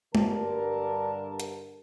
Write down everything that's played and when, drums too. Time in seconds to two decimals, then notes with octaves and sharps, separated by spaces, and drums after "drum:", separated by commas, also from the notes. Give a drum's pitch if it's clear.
0.15 G2 D3 A#4 A5, drum: tom G#3
1.40 drum: hi-hat